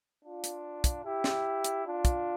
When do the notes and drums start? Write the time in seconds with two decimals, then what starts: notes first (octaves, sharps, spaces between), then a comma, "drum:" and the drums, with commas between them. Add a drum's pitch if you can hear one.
0.24 D4 F4
0.44 drum: hi-hat
0.84 drum: kick, hi-hat
1.04 E4 G4
1.24 drum: snare
1.64 drum: hi-hat
1.85 D4 F4
2.05 drum: kick, hi-hat